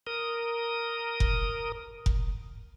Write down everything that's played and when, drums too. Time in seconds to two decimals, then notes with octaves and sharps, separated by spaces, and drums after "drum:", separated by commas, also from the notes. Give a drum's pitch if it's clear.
0.07 A#4 D#6
1.20 drum: kick F1
2.06 drum: kick F1